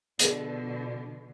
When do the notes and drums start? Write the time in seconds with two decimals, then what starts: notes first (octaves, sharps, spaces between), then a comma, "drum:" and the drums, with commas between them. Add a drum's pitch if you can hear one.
0.19 B2 D3 F3, drum: hi-hat